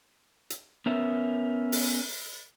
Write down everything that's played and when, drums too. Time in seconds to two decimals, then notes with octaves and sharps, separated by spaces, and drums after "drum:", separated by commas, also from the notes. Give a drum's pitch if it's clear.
0.50 drum: hi-hat
0.86 B3 C#4 A#4 E5
1.72 drum: open hi-hat